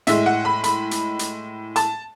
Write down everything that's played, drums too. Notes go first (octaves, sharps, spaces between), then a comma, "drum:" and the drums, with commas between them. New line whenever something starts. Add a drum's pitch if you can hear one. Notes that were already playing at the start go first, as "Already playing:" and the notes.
A2 G#3 E5, drum: hi-hat
F#5
B5
B5, drum: hi-hat
drum: hi-hat
drum: hi-hat
A5, drum: hi-hat